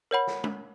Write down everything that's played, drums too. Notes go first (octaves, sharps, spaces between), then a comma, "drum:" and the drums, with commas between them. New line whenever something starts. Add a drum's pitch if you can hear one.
A#4 C#5 F#5 B5
drum: snare
drum: tom